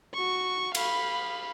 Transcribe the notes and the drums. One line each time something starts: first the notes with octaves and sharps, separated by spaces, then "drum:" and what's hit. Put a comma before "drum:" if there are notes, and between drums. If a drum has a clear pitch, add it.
F#4 C#6
F5 B5, drum: cymbal